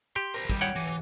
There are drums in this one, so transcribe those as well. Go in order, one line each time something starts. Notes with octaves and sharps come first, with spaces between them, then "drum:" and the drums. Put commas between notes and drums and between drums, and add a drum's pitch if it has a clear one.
G4 C6
A#4 C5
D#3 G3, drum: kick
C#5 F#5 G5
E3